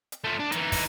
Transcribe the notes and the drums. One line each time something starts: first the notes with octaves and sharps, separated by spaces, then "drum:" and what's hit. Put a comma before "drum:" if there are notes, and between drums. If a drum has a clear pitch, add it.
drum: hi-hat
A3 F4
D4
E3 D#4, drum: hi-hat
drum: kick, open hi-hat